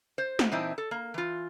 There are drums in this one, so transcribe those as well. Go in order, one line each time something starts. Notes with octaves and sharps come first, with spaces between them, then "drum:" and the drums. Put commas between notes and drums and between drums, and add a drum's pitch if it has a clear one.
C5
drum: snare
A#2 E3 C4 D#4 E4 A5
A4
A#3
E3 F4